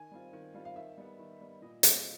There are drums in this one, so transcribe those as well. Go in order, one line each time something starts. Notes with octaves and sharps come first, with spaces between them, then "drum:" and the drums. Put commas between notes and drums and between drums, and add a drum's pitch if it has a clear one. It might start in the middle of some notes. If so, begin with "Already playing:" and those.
Already playing: D#3 G#5
G3 C4 F4
D#3
G3 C4 F4
F5
D#3 E5
G3 B3
D#3
G3 B3
A#2 D#5
F#3 A3 C4 F4 D#5, drum: hi-hat